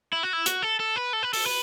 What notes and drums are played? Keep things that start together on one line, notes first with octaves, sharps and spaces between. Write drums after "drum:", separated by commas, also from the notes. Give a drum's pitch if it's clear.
E4
F#4
E4
F#4, drum: hi-hat
A4
A4
B4
A4
B4
A4, drum: open hi-hat
B4